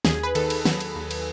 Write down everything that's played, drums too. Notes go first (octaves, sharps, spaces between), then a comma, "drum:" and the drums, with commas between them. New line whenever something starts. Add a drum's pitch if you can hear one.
D#2 G#4, drum: snare
B4
D#3 A4, drum: cymbal
drum: cymbal
F#3, drum: snare
drum: cymbal
D#2
drum: cymbal